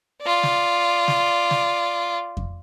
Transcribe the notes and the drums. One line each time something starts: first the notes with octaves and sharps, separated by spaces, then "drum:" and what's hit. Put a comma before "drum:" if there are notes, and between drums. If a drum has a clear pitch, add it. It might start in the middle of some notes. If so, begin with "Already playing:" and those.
F4 D5
drum: snare
drum: snare
drum: snare
drum: kick F2